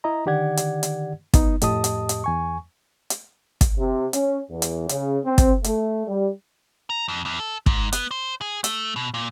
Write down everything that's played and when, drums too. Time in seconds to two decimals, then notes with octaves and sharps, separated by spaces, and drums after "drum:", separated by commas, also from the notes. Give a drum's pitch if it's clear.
0.04 E4 D#5 A#5
0.26 D3 D#3 G4 D5 F#5 G#6
0.57 drum: hi-hat
0.83 drum: hi-hat
1.34 B3 D#4, drum: kick, hi-hat
1.62 F2 A2 G4 D#5 A5 D#6, drum: hi-hat
1.84 drum: hi-hat
2.09 drum: hi-hat
2.24 E2 G#5 C#6
3.10 drum: hi-hat
3.61 drum: kick, hi-hat
3.77 C3
4.13 C#4, drum: hi-hat
4.51 E2
4.62 drum: hi-hat
4.89 C#3, drum: hi-hat
5.24 C4
5.38 drum: kick, hi-hat
5.64 A3, drum: hi-hat
6.07 G3
6.90 A#5
7.08 F2
7.25 E2
7.39 A4
7.66 G#2, drum: kick
7.93 B3, drum: hi-hat
8.11 C5
8.41 G#4
8.64 A3, drum: hi-hat
8.96 B2
9.14 A#2